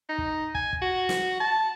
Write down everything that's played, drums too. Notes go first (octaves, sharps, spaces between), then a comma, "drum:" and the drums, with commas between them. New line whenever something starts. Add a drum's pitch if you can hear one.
D#4
drum: kick
G#5, drum: kick
drum: kick
F#4
drum: snare
A5